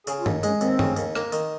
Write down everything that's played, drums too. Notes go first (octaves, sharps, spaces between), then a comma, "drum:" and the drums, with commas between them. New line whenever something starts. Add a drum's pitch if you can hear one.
C#3 G#4, drum: tambourine
F4
D#2, drum: tom G2
G#3 C#4, drum: tambourine
D#2 C4, drum: tambourine
C#3, drum: tom G2
D#2, drum: tambourine
A#3, drum: rim click
D#3, drum: tambourine